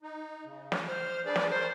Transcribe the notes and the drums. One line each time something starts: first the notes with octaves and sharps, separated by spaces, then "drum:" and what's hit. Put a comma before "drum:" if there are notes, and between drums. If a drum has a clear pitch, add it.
D#4
C#3
drum: snare
C5 F6
D4 G#4 B4 D5
drum: snare
A#4 C5 C#5